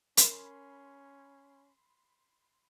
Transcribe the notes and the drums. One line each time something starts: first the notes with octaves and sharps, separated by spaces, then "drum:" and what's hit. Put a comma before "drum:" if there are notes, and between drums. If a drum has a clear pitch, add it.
C#4 A#4 B5 C6, drum: hi-hat